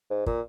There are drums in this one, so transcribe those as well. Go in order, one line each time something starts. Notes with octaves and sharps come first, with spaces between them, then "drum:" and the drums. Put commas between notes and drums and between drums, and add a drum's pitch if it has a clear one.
G#2
A#2, drum: kick